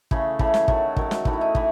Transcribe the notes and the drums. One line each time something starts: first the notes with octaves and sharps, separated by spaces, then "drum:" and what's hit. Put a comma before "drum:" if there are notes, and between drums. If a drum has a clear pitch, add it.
C#3 E3 A3 G#4, drum: kick
C#3 E3 A3, drum: kick
drum: snare
D#3 F#3 A3 F#4, drum: kick
D#3 F#3 A3, drum: kick
drum: snare
A2 E3 A3 D#4, drum: kick
E4
D#4
E3 A3, drum: kick